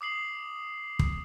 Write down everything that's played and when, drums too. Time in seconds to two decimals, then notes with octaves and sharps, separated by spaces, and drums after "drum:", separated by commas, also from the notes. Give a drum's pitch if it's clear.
0.01 D6 D#6 C7 F#7
0.99 drum: kick